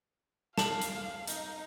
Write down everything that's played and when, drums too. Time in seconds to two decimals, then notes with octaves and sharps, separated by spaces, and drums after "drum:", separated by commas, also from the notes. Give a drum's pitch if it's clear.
0.58 F5 A5 F#7, drum: snare
0.82 drum: hi-hat
1.28 D#4, drum: hi-hat